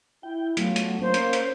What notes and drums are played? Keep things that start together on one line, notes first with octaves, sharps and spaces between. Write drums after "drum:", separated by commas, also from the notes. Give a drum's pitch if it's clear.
E4 G5
F#3 A3 B3 C#4 F4, drum: hi-hat
drum: hi-hat
A#3 C#4 C5
drum: hi-hat
drum: hi-hat